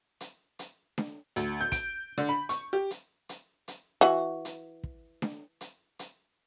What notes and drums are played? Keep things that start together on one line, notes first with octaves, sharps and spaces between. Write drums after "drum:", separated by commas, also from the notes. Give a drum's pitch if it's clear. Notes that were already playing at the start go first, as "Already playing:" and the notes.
drum: hi-hat
drum: hi-hat
drum: snare D4
D2, drum: hi-hat
G6
D7, drum: kick, hi-hat
D3
B5
C#6, drum: hi-hat
G4
drum: hi-hat
drum: hi-hat
drum: hi-hat
E3 F#4
drum: hi-hat
drum: kick
drum: snare D4
drum: hi-hat
drum: hi-hat